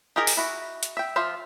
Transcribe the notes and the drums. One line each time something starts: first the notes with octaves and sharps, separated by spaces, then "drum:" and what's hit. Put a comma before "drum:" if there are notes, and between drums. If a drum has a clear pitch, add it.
D#4 G4 G#4 A#4 D#5
drum: open hi-hat
E4 F#4
drum: hi-hat
E5 G5
F3 F4 C5 E5